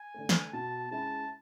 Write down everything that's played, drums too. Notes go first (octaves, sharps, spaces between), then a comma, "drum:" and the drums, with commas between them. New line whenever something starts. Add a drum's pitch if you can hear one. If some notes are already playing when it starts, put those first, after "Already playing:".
Already playing: G#5
D3 A3
drum: snare
B2 A5
G#3 C#4 E4 A5